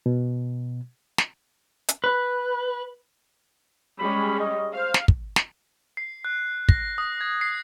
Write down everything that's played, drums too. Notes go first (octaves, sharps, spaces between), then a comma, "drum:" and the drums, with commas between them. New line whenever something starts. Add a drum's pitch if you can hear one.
B2
drum: snare
drum: hi-hat
B4
G3 G#3 C#4 B5
D#5
C5 F5
drum: snare
drum: kick
drum: snare
C7
F#6
A#6, drum: kick
D#6
G#6
C7